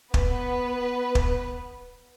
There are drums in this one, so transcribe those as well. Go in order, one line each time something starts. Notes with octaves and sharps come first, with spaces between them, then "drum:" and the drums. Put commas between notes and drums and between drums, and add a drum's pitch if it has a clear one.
B3 B4, drum: kick
drum: kick